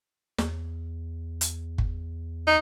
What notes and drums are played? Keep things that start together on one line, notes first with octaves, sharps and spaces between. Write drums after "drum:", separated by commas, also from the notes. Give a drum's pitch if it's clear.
E2, drum: snare
drum: hi-hat
drum: kick G1
D#4